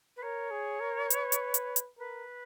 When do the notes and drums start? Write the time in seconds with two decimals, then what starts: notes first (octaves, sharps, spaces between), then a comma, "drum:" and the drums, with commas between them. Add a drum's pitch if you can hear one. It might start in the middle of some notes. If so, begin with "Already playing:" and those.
0.16 B4
0.22 A#4 C#5
0.51 G#4
0.81 A#4
1.10 B4, drum: hi-hat
1.32 drum: hi-hat
1.54 drum: hi-hat
1.76 drum: hi-hat
1.98 A#4 B4